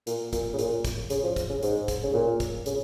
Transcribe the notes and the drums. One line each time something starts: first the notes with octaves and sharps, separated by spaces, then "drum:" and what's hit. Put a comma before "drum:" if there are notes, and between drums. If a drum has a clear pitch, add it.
A#2, drum: hi-hat
A#2, drum: kick, hi-hat
C#3
A#2, drum: hi-hat
drum: kick, hi-hat
C#3, drum: hi-hat
F3
drum: kick, hi-hat
C#3
G#2, drum: hi-hat
drum: kick, hi-hat
C#3
A#2
drum: kick, hi-hat
C#3, drum: hi-hat